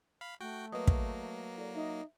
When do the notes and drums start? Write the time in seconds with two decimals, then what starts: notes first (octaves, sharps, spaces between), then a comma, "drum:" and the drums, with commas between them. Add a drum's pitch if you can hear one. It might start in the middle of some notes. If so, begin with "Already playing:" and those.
0.21 F5 B5
0.41 A3 F#4 G5
0.72 F#3 A#3 B4 D#5 D#6
0.87 drum: kick
1.57 E4 A4 D5
1.75 D#4 E5